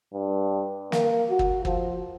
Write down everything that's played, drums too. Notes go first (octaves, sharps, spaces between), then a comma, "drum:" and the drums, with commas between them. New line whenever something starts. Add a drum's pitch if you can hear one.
G2
A#3, drum: snare
F#4
drum: kick
F3, drum: kick